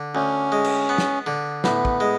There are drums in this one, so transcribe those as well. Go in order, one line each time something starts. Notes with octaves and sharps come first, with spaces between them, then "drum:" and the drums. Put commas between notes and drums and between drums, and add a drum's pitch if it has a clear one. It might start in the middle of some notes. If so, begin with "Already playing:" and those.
Already playing: D3
D2 C#4
G#3
drum: cymbal
B3
drum: snare
D3
A2 B3, drum: snare
drum: kick
G#3